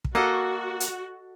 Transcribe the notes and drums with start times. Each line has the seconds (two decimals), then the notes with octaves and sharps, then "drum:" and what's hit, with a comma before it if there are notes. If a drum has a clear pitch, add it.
0.05 drum: kick
0.15 A#3 F#4 A4 D#5 F#5
0.80 drum: hi-hat